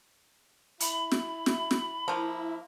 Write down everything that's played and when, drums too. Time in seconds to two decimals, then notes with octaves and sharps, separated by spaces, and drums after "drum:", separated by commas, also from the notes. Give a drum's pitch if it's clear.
0.80 E4 B5, drum: hi-hat
1.12 drum: snare
1.46 drum: snare
1.71 drum: snare
2.08 F3 A#3 E4